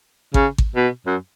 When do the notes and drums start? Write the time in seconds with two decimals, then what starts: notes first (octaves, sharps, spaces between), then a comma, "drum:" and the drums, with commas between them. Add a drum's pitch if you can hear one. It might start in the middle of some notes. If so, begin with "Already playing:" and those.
0.34 C#3, drum: kick G#1
0.58 drum: kick G#1
0.76 B2
1.06 F#2